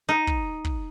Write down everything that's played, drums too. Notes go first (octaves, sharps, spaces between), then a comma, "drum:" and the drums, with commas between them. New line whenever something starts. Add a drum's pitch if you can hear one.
D#4
drum: kick
drum: kick